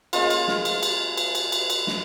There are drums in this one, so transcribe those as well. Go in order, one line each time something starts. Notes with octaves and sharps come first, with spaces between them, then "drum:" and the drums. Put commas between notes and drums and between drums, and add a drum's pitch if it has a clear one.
G#3 A#3 C#4 F4, drum: cymbal
drum: cymbal
drum: snare
drum: cymbal
drum: cymbal
drum: cymbal
drum: cymbal
drum: cymbal
drum: cymbal
drum: snare